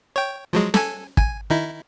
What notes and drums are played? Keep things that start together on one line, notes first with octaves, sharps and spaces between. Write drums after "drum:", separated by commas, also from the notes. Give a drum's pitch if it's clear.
C#5 G5
F3 F#3 G#3
A4 G#5, drum: snare
G#5, drum: kick
D#3 D#4 E4